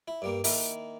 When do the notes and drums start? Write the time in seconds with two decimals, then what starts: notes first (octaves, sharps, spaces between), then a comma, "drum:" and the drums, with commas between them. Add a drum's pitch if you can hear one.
0.08 E4
0.22 G2 G3 A#3
0.44 D#3 A#3 E4, drum: open hi-hat